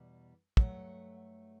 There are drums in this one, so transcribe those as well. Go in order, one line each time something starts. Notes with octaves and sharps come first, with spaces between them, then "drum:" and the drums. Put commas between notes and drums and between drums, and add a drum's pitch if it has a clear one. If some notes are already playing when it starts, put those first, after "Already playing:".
Already playing: E2 B2 G3
G2 F#3 A3 F#5, drum: kick